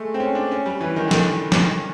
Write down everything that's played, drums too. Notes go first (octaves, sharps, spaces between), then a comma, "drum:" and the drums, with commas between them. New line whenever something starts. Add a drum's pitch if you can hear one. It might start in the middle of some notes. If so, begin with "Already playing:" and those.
Already playing: G#3 A3
C4
C#4
D4
C#4
G3
E3
D#3
D3
D#3, drum: snare
drum: snare